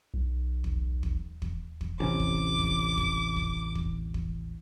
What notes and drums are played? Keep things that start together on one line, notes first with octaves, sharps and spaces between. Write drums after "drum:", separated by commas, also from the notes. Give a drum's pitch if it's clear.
B1
drum: kick
drum: kick
drum: kick
drum: kick
A1 C3 C#4 D6
drum: kick
drum: kick
drum: kick
drum: kick
drum: kick
drum: kick